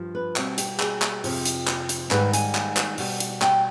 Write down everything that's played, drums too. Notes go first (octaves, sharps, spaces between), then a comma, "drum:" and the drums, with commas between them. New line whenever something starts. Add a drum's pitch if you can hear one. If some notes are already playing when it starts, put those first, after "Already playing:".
Already playing: G2 F3
B4
B2 G3 C4, drum: clap
G4, drum: hi-hat
G#4, drum: clap
drum: clap
F2 C3 F3, drum: open hi-hat
drum: hi-hat
drum: clap
drum: hi-hat
G#2 D#3 G3 B4, drum: clap
G#5, drum: hi-hat
drum: clap
drum: clap
B2 G3, drum: open hi-hat
drum: hi-hat
G5, drum: clap